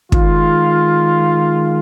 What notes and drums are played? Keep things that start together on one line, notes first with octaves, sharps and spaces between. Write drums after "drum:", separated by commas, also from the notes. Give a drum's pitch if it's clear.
D#3 G#3 F4, drum: kick